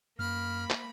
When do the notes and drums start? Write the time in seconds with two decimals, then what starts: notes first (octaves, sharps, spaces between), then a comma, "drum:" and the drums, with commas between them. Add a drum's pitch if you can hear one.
0.19 F#2 A#3 B5 F6
0.71 drum: clap